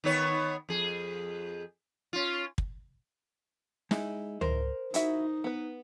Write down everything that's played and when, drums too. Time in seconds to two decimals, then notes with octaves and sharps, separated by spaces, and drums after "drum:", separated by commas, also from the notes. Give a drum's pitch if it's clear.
0.04 D#3 B3 C#5
0.69 F2 G#4
2.13 C#4 F4
2.58 drum: kick
3.91 G#3 D#4 E4, drum: snare
4.41 A#4 C5, drum: tom C#2
4.94 D#4 E4 F#4 E5, drum: hi-hat
5.44 B3 B4